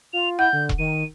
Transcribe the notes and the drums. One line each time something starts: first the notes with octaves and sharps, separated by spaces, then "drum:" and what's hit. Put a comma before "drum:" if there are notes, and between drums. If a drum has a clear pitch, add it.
F4 F7
E4 F#5 G6
D3
drum: kick E1
D#3 D#7